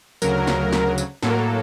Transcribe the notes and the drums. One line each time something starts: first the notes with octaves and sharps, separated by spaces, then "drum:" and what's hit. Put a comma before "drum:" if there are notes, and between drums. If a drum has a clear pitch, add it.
D2 C#3 F#3 A#4, drum: tambourine
drum: snare
drum: snare
drum: tambourine
A2 F#3 A#3 A4, drum: snare
A#4
A4